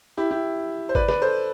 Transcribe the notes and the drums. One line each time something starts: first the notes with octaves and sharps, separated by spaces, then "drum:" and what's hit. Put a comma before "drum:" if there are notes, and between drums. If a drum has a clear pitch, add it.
E4 G4
E4 G4
C5
B4 D5, drum: kick G#1
B4 D5, drum: snare
A4 C5